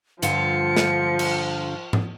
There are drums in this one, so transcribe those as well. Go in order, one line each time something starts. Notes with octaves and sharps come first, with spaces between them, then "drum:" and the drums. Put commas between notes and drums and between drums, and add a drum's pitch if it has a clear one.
G2 D3 F3 F4 C#7, drum: hi-hat
drum: snare
drum: cymbal
drum: tom G#2